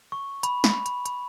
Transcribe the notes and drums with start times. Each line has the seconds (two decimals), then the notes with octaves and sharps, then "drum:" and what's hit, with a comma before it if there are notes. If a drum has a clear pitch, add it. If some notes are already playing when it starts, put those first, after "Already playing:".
0.12 C#6
0.43 B5, drum: hi-hat
0.64 B5, drum: snare
0.86 B5, drum: hi-hat
1.06 B5, drum: hi-hat